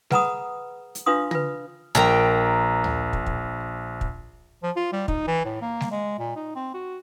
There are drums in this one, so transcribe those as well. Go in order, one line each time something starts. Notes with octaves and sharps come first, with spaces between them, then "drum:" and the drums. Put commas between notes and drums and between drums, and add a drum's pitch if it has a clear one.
G#4 B4 F#5 A#5 B5 D#6, drum: snare G3
drum: hi-hat
D4 F4 B4 F5 C6 D#6
F4 B4, drum: tom
A#1 A#4 G5 A#5, drum: snare G3
drum: tom D2
drum: kick
drum: kick
drum: kick
F3
F4
G3
D#4, drum: kick
E3
A2
A#3
drum: snare G3
G#3
A#2
D#4
C4
F#4